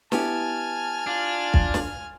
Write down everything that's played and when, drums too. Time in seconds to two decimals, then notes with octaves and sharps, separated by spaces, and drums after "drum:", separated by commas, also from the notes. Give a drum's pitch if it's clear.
0.12 B3 E4 G4 G#5 A5 F6, drum: snare
1.07 D4 F4
1.54 drum: kick
1.74 drum: snare